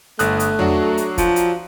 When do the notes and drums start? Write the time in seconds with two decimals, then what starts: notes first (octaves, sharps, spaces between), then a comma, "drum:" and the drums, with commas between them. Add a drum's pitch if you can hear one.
0.19 G1 A3 D#6 F#6, drum: hi-hat
0.40 drum: hi-hat
0.59 F#3 D4 F#4, drum: tom E2
0.97 drum: hi-hat
1.18 F3, drum: kick, hi-hat
1.36 drum: hi-hat